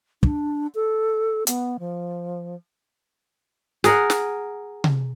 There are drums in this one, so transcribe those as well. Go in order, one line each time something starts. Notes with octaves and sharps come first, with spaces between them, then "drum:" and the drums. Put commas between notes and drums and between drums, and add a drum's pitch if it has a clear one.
D4, drum: kick
A4
B3, drum: hi-hat
F3
G#4 A#4 F#5, drum: snare
drum: snare
drum: tom C3